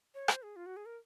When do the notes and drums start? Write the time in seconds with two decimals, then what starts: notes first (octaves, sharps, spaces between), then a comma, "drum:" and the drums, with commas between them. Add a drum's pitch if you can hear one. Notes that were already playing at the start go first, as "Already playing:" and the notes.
0.15 C#5
0.28 C5, drum: rim click
0.43 G#4
0.56 F4
0.66 F#4
0.77 G#4
0.86 A#4